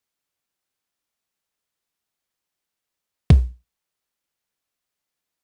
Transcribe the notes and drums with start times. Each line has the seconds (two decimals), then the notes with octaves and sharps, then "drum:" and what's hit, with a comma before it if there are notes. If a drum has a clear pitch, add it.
0.11 E5 B5
0.48 G5
0.98 C#5 E5
1.49 C5
1.84 D#5
3.30 drum: kick B1
3.86 G4 D#5